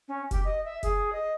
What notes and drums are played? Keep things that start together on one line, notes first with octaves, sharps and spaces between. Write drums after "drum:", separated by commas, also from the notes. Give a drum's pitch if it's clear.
C#4
G4, drum: kick F1, hi-hat
D#5
E5
G#4, drum: kick F1, hi-hat
D#5